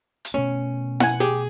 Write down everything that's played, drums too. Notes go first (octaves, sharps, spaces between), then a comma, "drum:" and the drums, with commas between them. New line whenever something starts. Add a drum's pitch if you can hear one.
drum: hi-hat
B2 A3 C#4
F#5 G#5, drum: snare E4
G4 G#4